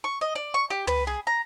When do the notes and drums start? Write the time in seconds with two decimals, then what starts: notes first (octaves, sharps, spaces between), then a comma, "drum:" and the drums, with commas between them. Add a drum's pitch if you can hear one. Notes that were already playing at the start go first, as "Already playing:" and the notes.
0.04 C#6
0.21 D#5
0.35 D5
0.54 C#6
0.70 G4
0.87 B4, drum: tom
1.07 G#4
1.27 A#5